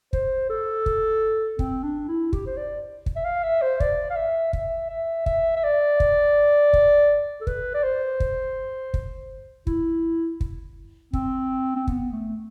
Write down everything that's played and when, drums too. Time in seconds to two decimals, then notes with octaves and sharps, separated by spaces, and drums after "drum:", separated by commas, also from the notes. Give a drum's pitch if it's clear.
0.13 C5, drum: kick
0.49 A4
0.86 drum: kick
1.59 C4, drum: kick
1.83 D4
2.08 E4
2.33 G4, drum: kick
2.47 C5
2.57 D5
3.06 drum: kick
3.16 E5
3.24 F5
3.43 E5
3.62 C5
3.80 D5, drum: kick
4.10 F5
4.16 E5
4.53 E5, drum: kick
4.89 E5
5.26 E5, drum: kick
5.56 E5
5.64 D5
6.00 drum: kick
6.73 drum: kick
7.41 A4
7.47 B4, drum: kick
7.74 D5
7.83 C5
8.20 drum: kick
8.94 drum: kick
9.67 E4, drum: kick
10.41 drum: kick
11.13 C4, drum: kick
11.76 C4
11.87 B3, drum: kick
12.12 A3